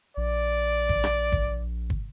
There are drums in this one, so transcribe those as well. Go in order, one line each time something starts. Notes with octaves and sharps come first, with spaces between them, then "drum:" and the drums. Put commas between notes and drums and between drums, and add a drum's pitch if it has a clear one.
A#1 D5
drum: kick
drum: rim click
drum: kick
drum: kick